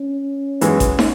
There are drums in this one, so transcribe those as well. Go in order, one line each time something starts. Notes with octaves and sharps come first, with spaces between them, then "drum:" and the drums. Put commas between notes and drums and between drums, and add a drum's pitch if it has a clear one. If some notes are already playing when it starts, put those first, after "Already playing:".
Already playing: C#4
F#2 E3 G#3, drum: hi-hat
drum: kick G#1, hi-hat
drum: snare